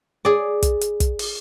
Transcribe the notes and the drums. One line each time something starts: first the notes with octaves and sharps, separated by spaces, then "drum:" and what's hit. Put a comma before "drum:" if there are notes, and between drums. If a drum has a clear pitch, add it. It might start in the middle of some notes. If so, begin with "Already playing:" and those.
G#4 D5
drum: kick, hi-hat
drum: hi-hat
drum: kick, hi-hat
drum: open hi-hat